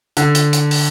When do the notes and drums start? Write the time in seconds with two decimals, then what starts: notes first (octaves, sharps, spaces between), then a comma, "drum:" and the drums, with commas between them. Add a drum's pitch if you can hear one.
0.17 D3, drum: hi-hat
0.35 drum: hi-hat
0.53 drum: hi-hat
0.71 drum: open hi-hat